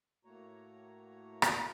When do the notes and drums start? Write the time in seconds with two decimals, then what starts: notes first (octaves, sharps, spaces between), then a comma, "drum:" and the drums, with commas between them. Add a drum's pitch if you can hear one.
0.25 A2 A3 A#3 F#4 C#5 A#5
1.42 drum: rim click